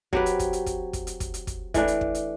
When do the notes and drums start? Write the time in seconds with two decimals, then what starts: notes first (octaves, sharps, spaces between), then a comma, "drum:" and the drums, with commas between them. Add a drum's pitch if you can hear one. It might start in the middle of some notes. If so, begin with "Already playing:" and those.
0.13 F#3 C4 G4 B4, drum: kick
0.26 drum: hi-hat
0.39 drum: kick, hi-hat
0.53 drum: hi-hat
0.66 drum: kick, hi-hat
0.93 drum: kick, hi-hat
1.07 drum: hi-hat
1.20 drum: kick, hi-hat
1.34 drum: hi-hat
1.47 drum: kick, hi-hat
1.74 E3 A3 D4, drum: kick, hi-hat
1.88 drum: hi-hat
2.01 drum: kick
2.15 drum: hi-hat